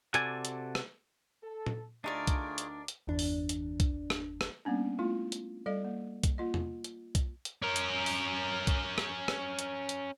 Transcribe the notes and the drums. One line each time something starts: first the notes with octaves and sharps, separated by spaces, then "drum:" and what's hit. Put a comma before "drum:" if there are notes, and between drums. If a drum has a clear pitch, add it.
C3 F#4 A4 D5 G#5, drum: hi-hat
drum: hi-hat
drum: rim click
A4
drum: tom A#2
D2 A3 D4 D#4 F4 G#4 A#4 D5
drum: kick B1, hi-hat
drum: hi-hat
drum: hi-hat
G1 E2 D4
drum: open hi-hat
drum: hi-hat
drum: kick B1, hi-hat
drum: rim click
drum: rim click
G3 A#3 B3 C#4 D4
A3 B3 E4 F4
drum: hi-hat
G3 A4 D#5 F5
A#3
drum: kick B1, hi-hat
A#3 F4 D#5
drum: tom E2
drum: hi-hat
drum: kick B1, hi-hat
drum: hi-hat
C#4 A#4
drum: hi-hat
drum: open hi-hat
drum: kick B1, hi-hat
drum: rim click
drum: rim click
drum: hi-hat
drum: hi-hat